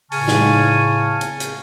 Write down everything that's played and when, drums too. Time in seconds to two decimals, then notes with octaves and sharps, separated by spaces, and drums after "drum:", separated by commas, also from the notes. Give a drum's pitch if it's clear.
0.12 A2 C#3 G#5 A5 C#6 F6, drum: open hi-hat
0.28 drum: snare D#4
1.21 drum: hi-hat
1.40 drum: hi-hat